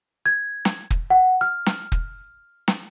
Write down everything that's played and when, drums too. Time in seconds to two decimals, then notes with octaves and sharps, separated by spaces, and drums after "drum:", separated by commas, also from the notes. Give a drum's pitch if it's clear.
0.26 G#6
0.65 drum: snare
0.90 drum: kick
1.10 F#5
1.41 F6
1.66 drum: snare
1.92 drum: kick
2.68 drum: snare